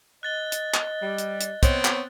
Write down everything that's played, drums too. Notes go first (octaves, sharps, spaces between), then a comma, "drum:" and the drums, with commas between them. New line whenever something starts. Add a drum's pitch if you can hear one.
D#5 F#6 A6 G7
drum: hi-hat
drum: clap
G3
drum: hi-hat
drum: hi-hat
B3 C4 C#5, drum: kick, hi-hat
drum: clap